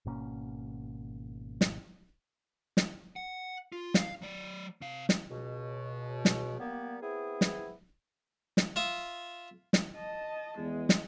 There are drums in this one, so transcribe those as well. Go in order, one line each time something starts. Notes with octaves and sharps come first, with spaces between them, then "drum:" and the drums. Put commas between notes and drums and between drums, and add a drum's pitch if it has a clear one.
G#1 B2 A#3 C#4
drum: snare
drum: snare
F#5
F4
F5, drum: snare
F#3 D5
C3 F5
drum: snare
C#2 B2
drum: snare
G3 A#3 B3
B3 C4 E4 G#4
drum: snare
drum: snare
F4 E5 D#6
drum: snare
D#5 A5
E2 G#3
drum: snare